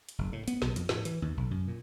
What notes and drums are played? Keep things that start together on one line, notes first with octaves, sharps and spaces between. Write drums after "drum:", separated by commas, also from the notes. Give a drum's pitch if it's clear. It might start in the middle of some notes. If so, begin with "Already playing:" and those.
drum: hi-hat
F#1
A2
B3, drum: hi-hat
B1, drum: snare
F2, drum: hi-hat
A2, drum: snare
E3, drum: hi-hat
D#2
B1
F#2
A#2